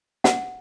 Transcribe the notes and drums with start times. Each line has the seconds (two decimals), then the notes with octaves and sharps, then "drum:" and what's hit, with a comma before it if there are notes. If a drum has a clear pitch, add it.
0.24 F#5, drum: snare